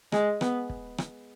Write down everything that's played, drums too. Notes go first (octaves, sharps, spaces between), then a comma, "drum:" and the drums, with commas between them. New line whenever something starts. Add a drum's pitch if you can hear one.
G#3, drum: rim click
B3, drum: rim click
drum: kick
drum: rim click